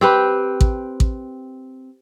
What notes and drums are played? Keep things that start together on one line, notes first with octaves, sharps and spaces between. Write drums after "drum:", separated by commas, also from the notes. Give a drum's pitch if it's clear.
C4 G4 B4
drum: kick A1
drum: kick A1